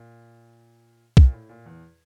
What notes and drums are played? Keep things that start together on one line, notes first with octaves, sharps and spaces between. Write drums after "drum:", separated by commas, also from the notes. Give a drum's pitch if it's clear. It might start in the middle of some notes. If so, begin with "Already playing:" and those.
Already playing: A#2
A#2, drum: kick
A2
A#2
E2